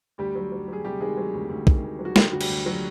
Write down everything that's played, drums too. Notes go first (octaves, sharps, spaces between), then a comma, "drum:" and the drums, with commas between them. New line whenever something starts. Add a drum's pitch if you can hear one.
D2 G3 G4
F#3
F#3
F#3
G#4
C3 G3 G4
D#3 G#3 G#4
F#3
D2
D2
D#3, drum: kick
D2
F#3
F#4
D3 G3 G4, drum: snare
D2 F#4
G3 G4, drum: cymbal
D2
F3 F#3 F#4